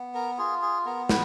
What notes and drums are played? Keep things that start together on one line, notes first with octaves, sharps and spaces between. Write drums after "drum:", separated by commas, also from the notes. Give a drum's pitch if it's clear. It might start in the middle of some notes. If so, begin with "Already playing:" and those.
Already playing: B3
A#4
F4 G#4
G#4
B3 A#4
B4, drum: snare